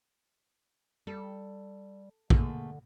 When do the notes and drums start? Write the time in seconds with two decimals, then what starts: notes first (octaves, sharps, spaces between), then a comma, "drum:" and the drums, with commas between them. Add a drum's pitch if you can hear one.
1.07 G3 A4
2.30 D3 A3 A#3 G#4, drum: kick